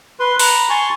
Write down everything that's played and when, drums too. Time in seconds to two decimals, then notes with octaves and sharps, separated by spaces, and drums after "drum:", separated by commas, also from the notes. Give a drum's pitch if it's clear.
0.20 B4 C6
0.39 A#5 B5, drum: open hi-hat
0.70 G#5 A5 C6 C#6